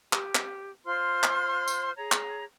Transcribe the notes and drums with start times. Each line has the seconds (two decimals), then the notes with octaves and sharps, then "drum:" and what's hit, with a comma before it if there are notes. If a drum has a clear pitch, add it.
0.13 G4, drum: clap
0.35 drum: clap
0.86 F4 C5 C6 F6
1.23 drum: clap
1.68 drum: tambourine
1.96 G#4 C#5 A#5
2.12 drum: clap